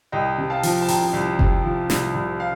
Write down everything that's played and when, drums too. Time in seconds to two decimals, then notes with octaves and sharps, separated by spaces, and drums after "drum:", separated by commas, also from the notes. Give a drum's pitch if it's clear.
0.12 C2 D#5 G5
0.38 C3
0.50 F5 A5
0.63 F3, drum: open hi-hat
0.81 A5
0.88 C2 G5 A#5, drum: open hi-hat
1.13 C2
1.39 C3, drum: kick F#1
1.64 F3
1.90 C2, drum: snare
2.15 C2
2.40 F5